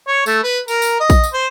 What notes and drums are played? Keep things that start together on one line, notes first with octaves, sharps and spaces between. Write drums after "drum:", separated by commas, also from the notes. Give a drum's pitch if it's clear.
C#5
A3, drum: tambourine
B4
A#4, drum: tambourine
drum: tambourine
D#5
drum: kick A#1, tambourine
drum: tambourine
C5